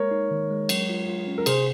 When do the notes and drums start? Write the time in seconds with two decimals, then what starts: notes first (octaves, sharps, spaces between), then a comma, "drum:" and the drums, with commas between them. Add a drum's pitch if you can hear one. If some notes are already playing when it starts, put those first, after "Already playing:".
Already playing: G#3 A#3 A#4 C#5
0.11 D#4
0.31 D#3
0.51 G#3
0.69 F#3, drum: cymbal
0.89 F4
1.08 F4
1.27 C#4
1.38 A#4
1.46 C3 G#4 C5, drum: cymbal